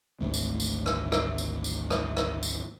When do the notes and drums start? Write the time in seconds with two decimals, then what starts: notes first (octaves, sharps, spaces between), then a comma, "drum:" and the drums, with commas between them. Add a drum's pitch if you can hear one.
0.21 G#1 D2 A3
0.34 drum: tambourine
0.60 drum: tambourine
0.86 drum: rim click
1.12 drum: rim click
1.38 drum: tambourine
1.64 drum: tambourine
1.90 drum: rim click
2.17 drum: rim click
2.43 drum: tambourine